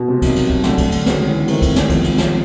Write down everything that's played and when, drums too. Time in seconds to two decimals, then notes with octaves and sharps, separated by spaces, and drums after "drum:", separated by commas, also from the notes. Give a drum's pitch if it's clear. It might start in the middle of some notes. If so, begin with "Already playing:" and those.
Already playing: B2
0.08 C3
0.22 F#3 A#3 D#4, drum: kick, cymbal
0.36 drum: cymbal
0.50 drum: kick
0.64 D3 F#3 A3 D4, drum: snare
0.78 drum: kick, cymbal
0.92 drum: cymbal
1.06 D#3 G#3 C#4 F#4 B4, drum: snare
1.27 E3
1.48 D#3 A3 C4 E4 G4 A#4, drum: cymbal
1.62 drum: kick, cymbal
1.76 drum: snare
1.90 F3 G#3 B3, drum: kick, cymbal
2.04 drum: cymbal
2.18 drum: snare